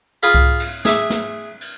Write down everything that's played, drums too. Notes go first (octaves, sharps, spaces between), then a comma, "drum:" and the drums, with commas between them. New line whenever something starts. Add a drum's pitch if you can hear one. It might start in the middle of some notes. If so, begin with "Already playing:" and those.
F4 G#4 F5 B5
drum: kick C2
drum: cymbal
G#4 E5 D6, drum: snare
drum: snare
drum: cymbal